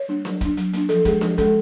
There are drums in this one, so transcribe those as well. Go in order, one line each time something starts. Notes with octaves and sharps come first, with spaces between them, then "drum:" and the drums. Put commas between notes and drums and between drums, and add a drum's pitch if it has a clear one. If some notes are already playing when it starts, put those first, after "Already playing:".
Already playing: C#5
G3 A#3 D4
F#3, drum: snare D4
A#3 D4, drum: kick, hi-hat
F#3, drum: hi-hat
A#3 D4, drum: hi-hat
F3 A4, drum: hi-hat
G#3 C#4 G#4, drum: kick, hi-hat
F3 G4, drum: snare D4
G#3 C#4 A4, drum: kick, hi-hat